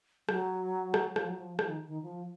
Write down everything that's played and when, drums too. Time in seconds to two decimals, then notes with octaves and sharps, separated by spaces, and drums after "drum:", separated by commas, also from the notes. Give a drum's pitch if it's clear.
0.29 F#3, drum: rim click
0.94 drum: rim click
1.16 F3, drum: rim click
1.28 F#3
1.40 F3
1.59 F3, drum: rim click
1.68 D#3
1.87 D#3
2.02 F3